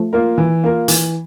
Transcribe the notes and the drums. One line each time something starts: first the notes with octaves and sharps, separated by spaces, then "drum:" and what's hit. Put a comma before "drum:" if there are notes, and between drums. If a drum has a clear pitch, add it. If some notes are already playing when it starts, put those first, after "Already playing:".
Already playing: F3 A3
A#3 F4 A#4
E3
A#3 F4 A#4
E3, drum: hi-hat